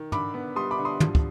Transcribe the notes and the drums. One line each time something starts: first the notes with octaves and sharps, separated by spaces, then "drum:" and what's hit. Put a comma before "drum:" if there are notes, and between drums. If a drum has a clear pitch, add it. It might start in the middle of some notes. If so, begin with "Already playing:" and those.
Already playing: D#3
D3 B5 D6, drum: tom
B3
G3 C6 D#6
B5 D6
D3
C6 D#6
F3, drum: tom
drum: kick